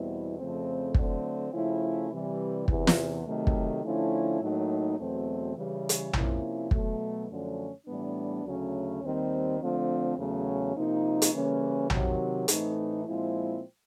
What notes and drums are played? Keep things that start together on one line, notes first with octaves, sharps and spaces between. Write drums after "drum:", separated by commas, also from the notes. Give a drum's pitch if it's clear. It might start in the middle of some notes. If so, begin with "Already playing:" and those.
Already playing: E2 B2 G3 C4 E4
F2 C#3 F3 A3 C4
D3 F#3 A3 C4, drum: kick
C#3 F3 A3 C#4 E4
C3 E3 G3
E2 C3 E3, drum: kick
drum: snare
C3 D#3 F#3 A3
drum: kick
D3 F3 A3 C#4 E4
A2 F#3 A#3 D#4
E2 B2 F#3 A3 C4
C#3 E3 G3
drum: hi-hat
C3 F3 A#3 C#4 E4, drum: tom A#1
B2 F#3 A3, drum: kick
F#2 D3 F3 A3 C#4
A2 E3 G3 B3 D4
D2 C#3 F#3 A3 C#4
D#2 D#3 G3 C4
D3 F3 A3 C4
E2 C#3 F#3 A3 C#4
C3 F3 A#3 D#4
drum: hi-hat
C#3 E3 G3 A#3 C#4
C3 D#3 F#3, drum: tom A#1
A2 E3 A3 C4 D#4, drum: hi-hat
A#2 F3 G#3 C4 E4